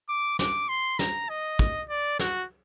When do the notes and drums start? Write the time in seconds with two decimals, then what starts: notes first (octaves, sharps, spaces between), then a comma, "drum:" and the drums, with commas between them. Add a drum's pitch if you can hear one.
0.09 D6
0.39 D6, drum: snare
0.69 C6
0.99 A#5, drum: snare
1.29 D#5
1.59 drum: kick
1.89 D5
2.19 F#4, drum: snare